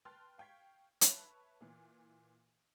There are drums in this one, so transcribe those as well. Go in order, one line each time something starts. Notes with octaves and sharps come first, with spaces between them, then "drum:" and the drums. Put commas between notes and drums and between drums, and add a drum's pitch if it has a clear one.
B4 G5 A5 C6 F6 A6
F5 G5 C#6 G#6 B6
B4 C#5 E5 A5 B5, drum: hi-hat
A#2 E3